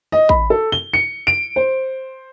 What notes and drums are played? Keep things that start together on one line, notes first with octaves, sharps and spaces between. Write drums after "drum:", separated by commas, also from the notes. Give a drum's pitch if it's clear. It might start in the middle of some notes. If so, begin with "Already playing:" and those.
D#5
B5, drum: kick A1
A4
G7
C#7
D7
C5